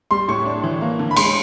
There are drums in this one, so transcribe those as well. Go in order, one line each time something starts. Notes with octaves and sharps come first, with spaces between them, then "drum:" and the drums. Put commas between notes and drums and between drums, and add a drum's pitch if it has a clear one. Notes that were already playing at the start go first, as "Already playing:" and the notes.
G3 C6
A2 C#6
D4
E3
A#3
D3
B5
G#3 C6, drum: cymbal